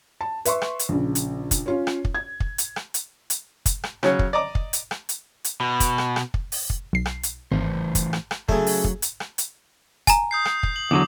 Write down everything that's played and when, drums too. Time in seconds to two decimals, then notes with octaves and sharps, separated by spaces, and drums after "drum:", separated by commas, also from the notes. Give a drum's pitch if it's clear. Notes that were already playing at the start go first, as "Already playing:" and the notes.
0.21 A5
0.45 B4 E5 C6 C#6, drum: hi-hat
0.62 drum: rim click
0.79 drum: hi-hat
0.89 A#1 C#3
1.15 drum: hi-hat
1.51 drum: kick, hi-hat
1.66 C#4 F4 C#5
1.87 drum: rim click
2.05 drum: kick
2.15 G#6
2.40 drum: kick
2.58 drum: hi-hat
2.76 drum: rim click
2.94 drum: hi-hat
3.30 drum: hi-hat
3.66 drum: kick, hi-hat
3.83 drum: rim click
4.03 C#3 F#3 C#4, drum: rim click
4.19 drum: kick
4.33 D5 D#5 A#5 D6
4.55 drum: kick
4.73 drum: hi-hat
4.91 drum: rim click
5.09 drum: hi-hat
5.44 drum: hi-hat
5.60 B2
5.80 drum: kick, hi-hat
5.98 drum: rim click
6.16 drum: rim click
6.34 drum: kick
6.52 drum: open hi-hat
6.70 drum: kick
6.93 B1 C7
7.05 drum: rim click
7.23 drum: hi-hat
7.52 G#1 A2 E3 C5
7.95 drum: kick, hi-hat
8.13 drum: rim click
8.31 drum: rim click
8.49 C#3 F#3 A3, drum: kick
8.66 drum: open hi-hat
8.84 drum: kick
9.02 drum: hi-hat
9.20 drum: rim click
9.38 drum: hi-hat
10.07 G#5 A#5, drum: kick, hi-hat
10.31 D#6 G6 C7
10.45 drum: rim click
10.63 drum: kick
10.76 F#7
10.91 E2 D3 F#3 D6